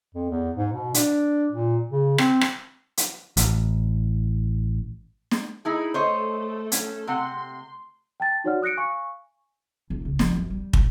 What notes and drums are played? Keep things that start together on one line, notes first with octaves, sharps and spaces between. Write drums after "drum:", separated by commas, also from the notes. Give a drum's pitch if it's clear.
F2
E2
G#2
B2
D4, drum: hi-hat
A#2
C#3
C4, drum: rim click
drum: rim click
drum: hi-hat
A1, drum: hi-hat
drum: snare
A3 D#4 E4 G#4 B5
A3 A4 C5 C#5 D#5
C#4, drum: hi-hat
C3 F#5 C6
G5 A5 A6
D#4 F#4 C#5 D5 F#5 F6
D#6 F#6 A#6 C#7 D7
F5 G#5 C#6
E1
C#2
F3, drum: snare
F#2
G3
D1, drum: kick